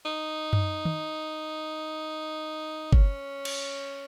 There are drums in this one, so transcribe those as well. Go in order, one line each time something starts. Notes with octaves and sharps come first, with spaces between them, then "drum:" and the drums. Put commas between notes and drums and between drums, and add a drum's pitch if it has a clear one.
D#4
drum: tom F#2
drum: tom
C#4, drum: kick G1
drum: cymbal